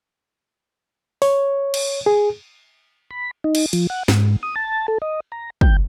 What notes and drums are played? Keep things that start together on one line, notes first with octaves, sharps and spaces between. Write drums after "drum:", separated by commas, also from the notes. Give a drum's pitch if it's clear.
C#5, drum: open hi-hat
drum: cymbal
G#4
B5
D#4
drum: cymbal
F3, drum: cymbal
F#5
G#2, drum: snare
D#6
A5
A4
D#5
A#5
G5, drum: kick